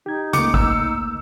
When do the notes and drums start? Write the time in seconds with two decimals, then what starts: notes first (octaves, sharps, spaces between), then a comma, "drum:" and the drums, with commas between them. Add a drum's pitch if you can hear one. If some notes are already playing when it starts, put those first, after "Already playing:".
0.06 D#4 G4 G#6
0.33 C#2 A3 A#3 D6 C#7, drum: hi-hat
0.54 E6, drum: kick